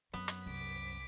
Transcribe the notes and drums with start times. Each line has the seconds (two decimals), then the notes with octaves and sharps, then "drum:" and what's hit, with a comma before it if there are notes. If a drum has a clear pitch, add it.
0.13 F#2 B3 C4
0.28 drum: hi-hat
0.46 C2 D6 B6